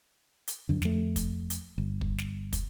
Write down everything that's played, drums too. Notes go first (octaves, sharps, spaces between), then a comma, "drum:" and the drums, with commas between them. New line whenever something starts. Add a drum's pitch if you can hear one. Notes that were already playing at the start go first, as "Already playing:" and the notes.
drum: hi-hat
F#2 D3
F2 A3, drum: snare
drum: kick, hi-hat
drum: hi-hat
G1
drum: kick
drum: snare
drum: kick, hi-hat